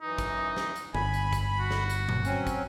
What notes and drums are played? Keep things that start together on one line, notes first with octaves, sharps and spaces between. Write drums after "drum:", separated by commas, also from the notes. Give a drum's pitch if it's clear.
F#2 E3 D#4
drum: kick, hi-hat
drum: snare
drum: hi-hat
G1 G#5 B5, drum: tom D3
drum: hi-hat
drum: kick, hi-hat
F#4
drum: snare
drum: hi-hat
drum: tom A#2
F#3 C4 C#4, drum: hi-hat
drum: kick, hi-hat